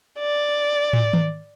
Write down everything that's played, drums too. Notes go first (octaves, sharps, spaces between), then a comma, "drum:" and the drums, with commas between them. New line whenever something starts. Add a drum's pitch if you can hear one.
D5
drum: tom
drum: tom D#3